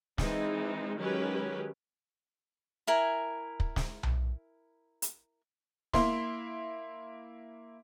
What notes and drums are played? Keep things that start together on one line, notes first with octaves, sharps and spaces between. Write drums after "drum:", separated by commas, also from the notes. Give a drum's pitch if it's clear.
E3 G#3 C4 D#4, drum: snare
D#3 F#3 G#3 C#4 G4 B4
E4 A#4 G#5
drum: kick
drum: snare
drum: tom B1
drum: hi-hat
A#3 E4 C6, drum: snare